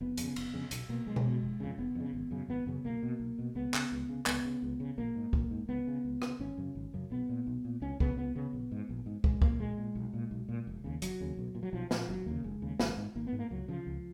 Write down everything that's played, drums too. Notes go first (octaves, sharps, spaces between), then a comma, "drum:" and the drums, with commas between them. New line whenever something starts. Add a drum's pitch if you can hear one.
F1 B3
F2, drum: hi-hat
C#3
F1, drum: cymbal
F2 C#3
B1, drum: hi-hat
B2 A#3
B1 G#3
drum: tom B2
B2
F1
F2 C#3
F1 B3
F2 C#3
G#1
F#2 C#3
G#1 B3
F#2 C#3 B3
B1 A#3
B2
B1
B2
C#2 B3
C#3, drum: clap
C#2
C#3
C#2 B3, drum: clap
C#3
C#2
C#3
A#1 A#3
G#2
A#1, drum: kick
G#2
C#2 B3
C#3
C#2
C#3, drum: rim click
G#1 C#4
F#2 C#3
G#1
F#2 C#3
B1 B3
A#2
B1
A#2
C#2 C#4
C#3 B3, drum: kick
C#2 B3
C#3 B3
A#1
G#2
A#1
G#2
A#1 G#3, drum: kick
A#2 A#3, drum: kick
A#1 G#3
A#2
B1
A#2
B1
A#2
F1
D#2 C#3
F1 F#3, drum: hi-hat
D#2 C#3
B1
A#2
F#3
B1 F3
A#2 F3, drum: snare
F1 F#3
D#2 C#3 A#3
F1 G#3
D#2 C#3
G#1, drum: snare
G#2
G#1 A#3
B3
G#2
A#3
C#2 F#3
C#3 F3
C#2